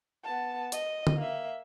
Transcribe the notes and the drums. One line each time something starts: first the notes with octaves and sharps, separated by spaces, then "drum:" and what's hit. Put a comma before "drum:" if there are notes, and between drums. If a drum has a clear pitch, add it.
B3 A5
D#5, drum: hi-hat
drum: tom D3
A#3 E5